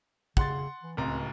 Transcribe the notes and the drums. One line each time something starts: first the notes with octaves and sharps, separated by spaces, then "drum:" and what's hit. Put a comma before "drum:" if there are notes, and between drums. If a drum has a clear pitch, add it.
C#3 F#5 C6 A6, drum: kick
E3
D1 C#2 C4 A#5